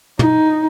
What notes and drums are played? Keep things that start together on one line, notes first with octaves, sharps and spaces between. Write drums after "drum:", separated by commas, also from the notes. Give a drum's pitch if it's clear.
D#4, drum: tom